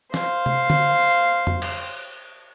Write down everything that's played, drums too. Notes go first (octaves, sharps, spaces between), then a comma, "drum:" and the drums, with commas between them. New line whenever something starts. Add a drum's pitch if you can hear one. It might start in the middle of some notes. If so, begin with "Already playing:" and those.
C5 F5, drum: snare
drum: tom C3
drum: tom D3
drum: tom F2
drum: cymbal